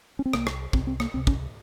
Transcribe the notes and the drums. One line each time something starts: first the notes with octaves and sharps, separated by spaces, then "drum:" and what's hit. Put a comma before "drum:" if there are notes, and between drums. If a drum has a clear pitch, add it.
C#4
C4
C2 C3 A#3, drum: rim click
drum: rim click
C2 C3 C4, drum: kick
C4
A#3, drum: rim click
C#2 C3 C4
C#4, drum: kick